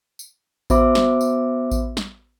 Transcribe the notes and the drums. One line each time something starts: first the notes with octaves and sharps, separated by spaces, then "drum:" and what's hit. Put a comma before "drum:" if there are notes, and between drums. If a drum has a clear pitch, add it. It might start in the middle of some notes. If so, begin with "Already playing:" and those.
drum: tambourine
B3 F#4 C5 E5 B5 D6, drum: kick A1, tambourine
drum: snare
drum: tambourine
drum: kick A1, tambourine
drum: snare